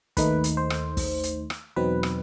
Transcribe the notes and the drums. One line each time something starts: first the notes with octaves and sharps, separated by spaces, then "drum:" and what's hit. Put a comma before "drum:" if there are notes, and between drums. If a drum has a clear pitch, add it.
D#2 D#3 A3 D#4 B4, drum: kick, hi-hat
drum: hi-hat
C5
drum: rim click
drum: kick, open hi-hat
drum: hi-hat
drum: rim click
E2 B2 F#3 C4 D#4 B4
drum: rim click